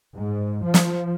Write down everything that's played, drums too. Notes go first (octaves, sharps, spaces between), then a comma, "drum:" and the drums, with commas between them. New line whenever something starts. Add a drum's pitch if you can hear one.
G#2
F3
drum: snare